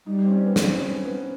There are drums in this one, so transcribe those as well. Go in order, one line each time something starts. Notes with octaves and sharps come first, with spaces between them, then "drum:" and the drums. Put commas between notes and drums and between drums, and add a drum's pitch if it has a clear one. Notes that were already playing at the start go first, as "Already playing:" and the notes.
G3 D#4
C4
C#4
B3
C4, drum: snare
C#4
B3